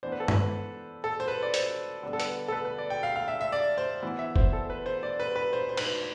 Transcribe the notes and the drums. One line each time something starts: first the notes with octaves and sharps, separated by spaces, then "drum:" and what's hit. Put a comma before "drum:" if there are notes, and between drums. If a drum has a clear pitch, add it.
E3 B3 D4 C5
B4
A4
B4, drum: tom G2
A4
C5
B4
D5
C5, drum: hi-hat
D3 G3 B3 D4
A4
B4, drum: hi-hat
A4
B4
B4
D5
G5
F5
F5
E5
E5
D5
C5
E3 B3 E4
E5
C5, drum: kick
A4
B4
C5
D5
B4
B4
C5
C5
B4, drum: cymbal